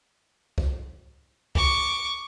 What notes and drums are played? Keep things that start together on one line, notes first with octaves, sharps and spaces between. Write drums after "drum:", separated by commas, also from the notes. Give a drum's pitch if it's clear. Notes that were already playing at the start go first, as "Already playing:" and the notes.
drum: kick C2
C#6 D6, drum: kick C2